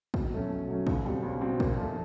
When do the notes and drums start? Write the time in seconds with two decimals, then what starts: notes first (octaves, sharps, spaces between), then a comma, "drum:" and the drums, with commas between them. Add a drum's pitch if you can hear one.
0.14 B2, drum: kick
0.32 F#3 A3 C#4
0.50 B2
0.68 F#3 A3 C#4
0.87 C#2, drum: kick
1.05 B2 G3 C4
1.23 C#2
1.41 B2 G3 C4
1.60 A#2, drum: kick
1.78 F3 A3